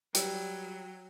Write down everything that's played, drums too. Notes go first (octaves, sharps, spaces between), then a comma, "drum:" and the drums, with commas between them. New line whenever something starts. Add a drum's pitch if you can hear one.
F#3 G3 G5 E6, drum: hi-hat